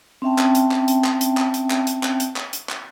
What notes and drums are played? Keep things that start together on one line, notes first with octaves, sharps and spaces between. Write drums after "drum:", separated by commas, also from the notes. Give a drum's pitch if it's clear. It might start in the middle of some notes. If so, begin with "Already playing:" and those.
C4 C#4 E5 G5 A5
drum: clap
drum: hi-hat
drum: clap
drum: hi-hat
drum: clap
drum: hi-hat
drum: clap
drum: hi-hat
drum: clap
drum: hi-hat
drum: clap
drum: hi-hat
drum: clap
drum: hi-hat
drum: clap